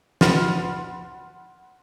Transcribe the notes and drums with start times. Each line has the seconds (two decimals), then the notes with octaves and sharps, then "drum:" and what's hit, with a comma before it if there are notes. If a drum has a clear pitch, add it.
0.21 F#5 B5 C6 F6 A6, drum: snare